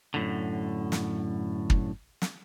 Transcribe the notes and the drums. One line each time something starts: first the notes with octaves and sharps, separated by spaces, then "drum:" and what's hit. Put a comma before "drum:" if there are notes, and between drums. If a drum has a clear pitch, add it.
F#2 A2 D3
drum: snare
drum: kick
drum: snare